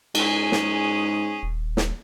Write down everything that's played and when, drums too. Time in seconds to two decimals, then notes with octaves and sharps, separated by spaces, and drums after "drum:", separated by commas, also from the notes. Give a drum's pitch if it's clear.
0.15 G#2 C#4 G#4, drum: cymbal
0.52 drum: snare
1.43 D#1
1.77 drum: snare